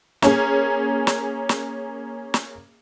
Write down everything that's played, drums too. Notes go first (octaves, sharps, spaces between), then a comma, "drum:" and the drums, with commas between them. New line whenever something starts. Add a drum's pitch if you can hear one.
A#3 C#4 G#4, drum: snare
drum: snare
drum: snare
drum: snare